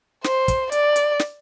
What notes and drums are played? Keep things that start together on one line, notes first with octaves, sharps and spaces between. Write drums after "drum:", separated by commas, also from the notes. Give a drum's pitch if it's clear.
C5, drum: snare
drum: kick, hi-hat
D5, drum: hi-hat
drum: hi-hat
drum: snare